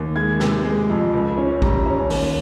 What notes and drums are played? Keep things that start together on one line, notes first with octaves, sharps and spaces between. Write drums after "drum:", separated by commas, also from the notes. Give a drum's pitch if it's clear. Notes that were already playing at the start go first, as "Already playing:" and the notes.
Already playing: D#2
G#3 G#6
C3, drum: snare
G#3
F2
C#2
C#4
G3 A#5, drum: kick A1
C#4
D#2, drum: open hi-hat